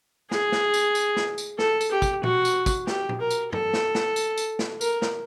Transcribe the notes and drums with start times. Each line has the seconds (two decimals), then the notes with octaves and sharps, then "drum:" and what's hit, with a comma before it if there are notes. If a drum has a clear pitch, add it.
0.31 G#4, drum: snare
0.52 drum: snare
0.74 drum: tambourine
0.95 drum: tambourine
1.16 drum: snare
1.38 drum: tambourine
1.59 A4, drum: snare
1.81 drum: tambourine
1.91 G4
2.02 drum: kick, tambourine
2.23 F#4, drum: tom
2.45 drum: tambourine
2.66 drum: kick, tambourine
2.87 G4, drum: snare
3.09 drum: tom A#2
3.20 A#4
3.31 drum: tambourine
3.53 A4, drum: tom
3.73 drum: snare
3.95 drum: snare
4.16 drum: tambourine
4.38 drum: tambourine
4.59 drum: snare
4.81 A#4, drum: tambourine
5.02 drum: snare